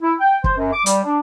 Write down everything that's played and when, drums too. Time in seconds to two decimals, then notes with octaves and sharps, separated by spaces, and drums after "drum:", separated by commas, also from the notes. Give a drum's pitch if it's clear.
0.02 E4
0.20 G5
0.44 C5, drum: kick
0.57 F#2
0.72 D6
0.86 G3, drum: hi-hat
1.05 D4